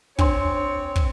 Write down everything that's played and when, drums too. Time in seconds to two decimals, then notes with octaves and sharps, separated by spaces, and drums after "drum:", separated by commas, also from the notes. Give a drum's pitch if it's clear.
0.19 C4 D4 C5 C#5 C6, drum: kick
0.96 drum: kick